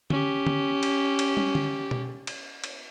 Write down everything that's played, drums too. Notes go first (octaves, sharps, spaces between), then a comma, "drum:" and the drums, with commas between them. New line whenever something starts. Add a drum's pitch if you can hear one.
C#4 G4, drum: tom D3
drum: tom D3
drum: cymbal
drum: cymbal
drum: tom
drum: tom D3
drum: tom B2
drum: cymbal
drum: cymbal